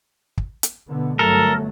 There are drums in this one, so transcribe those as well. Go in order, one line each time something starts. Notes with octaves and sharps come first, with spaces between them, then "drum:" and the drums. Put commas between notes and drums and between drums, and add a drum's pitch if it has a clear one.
drum: kick
drum: hi-hat
B2 D3 B3
G1 F#3 A3 A4 A#4